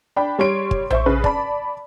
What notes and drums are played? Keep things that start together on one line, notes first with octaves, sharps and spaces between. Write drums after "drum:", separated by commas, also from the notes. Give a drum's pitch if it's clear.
D4 G5 B5
G3 C#5 C6 D7
drum: kick
C5 E5 C#6, drum: tom A#1
C#3 B4
D5 A5 B5, drum: kick